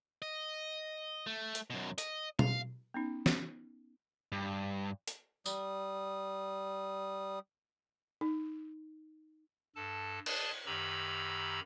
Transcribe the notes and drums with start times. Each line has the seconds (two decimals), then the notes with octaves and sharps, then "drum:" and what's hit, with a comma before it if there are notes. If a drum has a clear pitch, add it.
0.22 D#5
1.27 A3
1.55 drum: hi-hat
1.70 F#2 B2
1.98 D#5, drum: hi-hat
2.39 F5, drum: tom B2
2.94 B3 C#4 D#4
3.26 drum: snare
4.32 G2
5.08 drum: hi-hat
5.46 G3 D#6, drum: tambourine
8.21 D#4
9.76 G2 A4 A5
10.26 G#4 B4 D5 A5 C6, drum: cymbal
10.66 F#2 D#3 G4 A#5 B5 E6